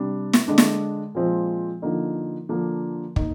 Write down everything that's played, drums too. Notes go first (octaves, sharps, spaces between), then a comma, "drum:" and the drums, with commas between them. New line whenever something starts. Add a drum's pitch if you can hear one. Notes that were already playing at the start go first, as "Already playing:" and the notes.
Already playing: C3 G3 D4
drum: snare
D3 G#3 D4
drum: snare
A#2 F3 G#3 C4
D3 F3 A#3 D#4
D3 F3 A#3 D4
A#3 D#4, drum: kick